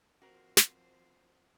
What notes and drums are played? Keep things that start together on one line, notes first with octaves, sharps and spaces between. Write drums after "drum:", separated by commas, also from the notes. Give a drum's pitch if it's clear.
F3 C4 F#4 A#4 C5
drum: snare